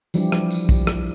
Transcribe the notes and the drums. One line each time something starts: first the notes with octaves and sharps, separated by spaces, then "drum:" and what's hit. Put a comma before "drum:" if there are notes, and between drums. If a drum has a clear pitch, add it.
E3 F3 G3 D4 E4 G4, drum: tambourine
drum: rim click
drum: tambourine
drum: kick, tambourine
drum: rim click